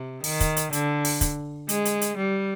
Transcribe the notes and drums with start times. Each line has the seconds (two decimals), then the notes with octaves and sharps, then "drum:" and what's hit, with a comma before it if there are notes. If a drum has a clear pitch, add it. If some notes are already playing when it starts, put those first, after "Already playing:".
Already playing: C3
0.24 D#3, drum: open hi-hat
0.40 drum: kick, hi-hat
0.56 drum: hi-hat
0.73 D3, drum: hi-hat
1.05 drum: open hi-hat
1.21 drum: kick, hi-hat
1.69 G#3, drum: hi-hat
1.85 drum: hi-hat
2.01 drum: hi-hat
2.17 G3